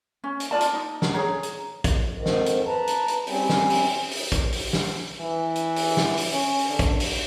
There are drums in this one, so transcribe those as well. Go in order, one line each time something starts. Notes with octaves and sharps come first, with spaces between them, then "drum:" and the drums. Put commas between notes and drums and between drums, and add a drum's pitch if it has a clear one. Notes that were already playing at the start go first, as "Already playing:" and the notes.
C#4
drum: hi-hat
F4 A#4 D5 A5
drum: hi-hat
D#4
drum: snare
G#4 C#5 A#5
drum: hi-hat
drum: kick, hi-hat
F2 G#2 D#3
drum: snare
drum: hi-hat
B4 A5 A#5
drum: hi-hat
drum: hi-hat
G3 C4 C#4, drum: open hi-hat
drum: snare
drum: open hi-hat
drum: open hi-hat
drum: kick, hi-hat
drum: open hi-hat
drum: snare
E3
drum: hi-hat
drum: open hi-hat
drum: snare
drum: open hi-hat
C#4
drum: open hi-hat
D3
drum: kick, hi-hat
drum: open hi-hat